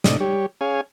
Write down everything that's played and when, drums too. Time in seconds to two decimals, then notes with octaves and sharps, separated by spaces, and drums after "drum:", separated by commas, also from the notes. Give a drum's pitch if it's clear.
0.04 A2 C3 D5 D#5, drum: snare
0.20 G3 G4 C#5
0.61 C#4 G#4 C#5 F5 G#5